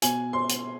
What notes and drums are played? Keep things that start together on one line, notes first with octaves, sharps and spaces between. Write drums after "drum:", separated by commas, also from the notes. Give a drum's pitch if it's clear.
B2 G#5, drum: hi-hat
C6
drum: hi-hat